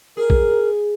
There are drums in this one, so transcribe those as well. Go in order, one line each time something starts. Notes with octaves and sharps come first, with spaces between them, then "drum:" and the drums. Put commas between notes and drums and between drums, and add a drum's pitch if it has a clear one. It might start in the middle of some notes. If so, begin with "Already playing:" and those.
G#4 A#4
drum: kick